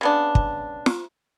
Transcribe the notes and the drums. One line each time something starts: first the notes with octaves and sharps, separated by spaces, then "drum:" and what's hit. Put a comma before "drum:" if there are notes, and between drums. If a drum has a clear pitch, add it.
C#3 B3 D4
drum: kick
drum: snare